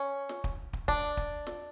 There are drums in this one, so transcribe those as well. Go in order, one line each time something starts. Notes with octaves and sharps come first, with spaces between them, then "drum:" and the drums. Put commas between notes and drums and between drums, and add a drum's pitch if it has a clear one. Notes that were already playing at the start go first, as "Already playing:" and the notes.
Already playing: C#4
drum: snare
drum: kick
drum: kick
D4, drum: kick
drum: kick
drum: snare